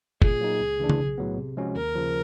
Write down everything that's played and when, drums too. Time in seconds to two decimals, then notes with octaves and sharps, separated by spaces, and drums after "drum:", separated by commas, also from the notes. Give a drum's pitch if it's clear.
0.22 A#2 G#4, drum: kick
0.41 F#3 A#3 D#4
0.60 C#2
0.79 C#3 E3 A3 D4
0.90 drum: tom C#3
1.00 B1
1.18 A2 F#3 B3
1.38 C3
1.57 F3 G#3 C#4 F#4
1.76 D#2 A#4
1.95 C#3 F3